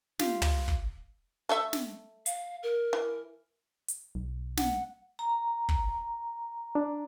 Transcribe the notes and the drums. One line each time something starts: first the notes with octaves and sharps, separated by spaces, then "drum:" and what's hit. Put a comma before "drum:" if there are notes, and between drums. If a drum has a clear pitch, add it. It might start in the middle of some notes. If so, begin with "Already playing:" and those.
F4 G4, drum: snare
drum: tom
drum: kick
A3 A4 E5
drum: snare
F5, drum: hi-hat
A#4
E3
drum: hi-hat
B1
F#5, drum: snare
A#5
drum: kick
D4